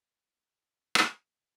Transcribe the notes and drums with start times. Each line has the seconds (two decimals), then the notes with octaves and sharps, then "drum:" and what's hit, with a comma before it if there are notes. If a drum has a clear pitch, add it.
0.13 A4
0.95 drum: rim click